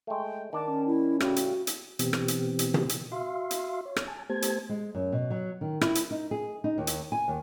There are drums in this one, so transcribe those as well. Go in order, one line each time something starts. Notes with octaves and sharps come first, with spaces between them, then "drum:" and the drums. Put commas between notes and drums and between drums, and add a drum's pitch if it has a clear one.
G#3 A3 G5
D#3 D4 A5 D6
C#4
E4
A2 C#3 G3 F#4, drum: rim click
drum: hi-hat
drum: hi-hat
B2 E3 B3 C4 G4, drum: hi-hat
drum: rim click
drum: hi-hat
drum: hi-hat
drum: tom
drum: hi-hat
F#4 E5 F5 C6
drum: hi-hat
C#5
drum: rim click
G#5 A5
A3 B3 G4 C5 A5 G#6
drum: hi-hat
G#3
F#2
B2
F#3
D#3
E4, drum: rim click
drum: hi-hat
D#4
G#4
D#4
D#2
drum: hi-hat
G#5
D#2